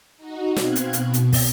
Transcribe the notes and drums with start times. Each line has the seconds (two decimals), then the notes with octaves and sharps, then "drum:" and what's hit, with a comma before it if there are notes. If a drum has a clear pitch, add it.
0.17 D#4 F#4
0.56 B2 C4 F5 F#6 G#6, drum: snare
0.76 drum: hi-hat
0.93 B2, drum: hi-hat
1.14 drum: hi-hat
1.33 drum: kick, open hi-hat